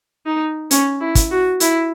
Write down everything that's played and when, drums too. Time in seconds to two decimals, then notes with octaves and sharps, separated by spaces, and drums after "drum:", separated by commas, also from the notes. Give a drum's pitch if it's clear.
0.26 D#4
0.71 C#4, drum: hi-hat
1.01 E4
1.15 drum: kick, hi-hat
1.31 F#4
1.60 E4, drum: hi-hat